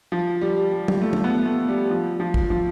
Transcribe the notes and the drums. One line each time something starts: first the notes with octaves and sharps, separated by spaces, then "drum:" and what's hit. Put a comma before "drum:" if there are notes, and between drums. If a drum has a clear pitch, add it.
F3
G3
G3
drum: tom
A3
drum: tom
B3
A3
G3
F3
F3
drum: kick
F3